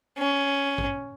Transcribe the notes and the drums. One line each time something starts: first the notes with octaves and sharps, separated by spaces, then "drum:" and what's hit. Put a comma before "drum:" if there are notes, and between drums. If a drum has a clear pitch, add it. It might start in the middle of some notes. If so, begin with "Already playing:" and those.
C#4
drum: kick A1